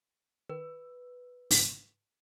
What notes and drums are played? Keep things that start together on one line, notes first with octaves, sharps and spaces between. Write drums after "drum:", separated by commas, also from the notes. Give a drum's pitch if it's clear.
D#3 B4
G#2 C#3, drum: open hi-hat